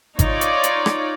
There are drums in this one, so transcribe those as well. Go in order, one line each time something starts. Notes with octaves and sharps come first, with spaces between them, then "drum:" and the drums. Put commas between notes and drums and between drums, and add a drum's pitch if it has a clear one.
D#4 F4 C#5 D5, drum: kick G#1, hi-hat
drum: hi-hat
drum: hi-hat
drum: rim click